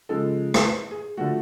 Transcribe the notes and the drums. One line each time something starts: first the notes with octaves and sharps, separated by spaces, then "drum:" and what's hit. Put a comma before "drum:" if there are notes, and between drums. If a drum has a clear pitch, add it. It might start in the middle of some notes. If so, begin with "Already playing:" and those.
C#3 F3 G#3 A4
drum: rim click
B4
G#4
D3 F3 A3 F#4